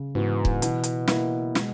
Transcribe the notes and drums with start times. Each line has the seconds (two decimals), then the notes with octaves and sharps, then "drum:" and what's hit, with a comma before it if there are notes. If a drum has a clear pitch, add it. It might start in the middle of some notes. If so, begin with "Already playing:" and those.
Already playing: C#3
0.15 G#2 E3 B3 F#4
0.45 drum: kick
0.62 B2 E3, drum: hi-hat
0.84 drum: hi-hat
1.08 A#3 E4 B4, drum: snare
1.55 G#3, drum: snare